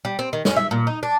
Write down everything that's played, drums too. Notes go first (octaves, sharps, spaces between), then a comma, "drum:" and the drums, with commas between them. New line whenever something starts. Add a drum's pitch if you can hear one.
G3
C4
D#3
C#4, drum: snare
E5
A#2
D#4
D4